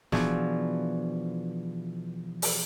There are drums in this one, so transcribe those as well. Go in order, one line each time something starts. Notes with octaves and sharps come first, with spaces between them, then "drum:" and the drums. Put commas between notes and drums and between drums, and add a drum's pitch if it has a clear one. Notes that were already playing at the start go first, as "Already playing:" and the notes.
B2 E3 F3 D4 G#4, drum: snare
drum: open hi-hat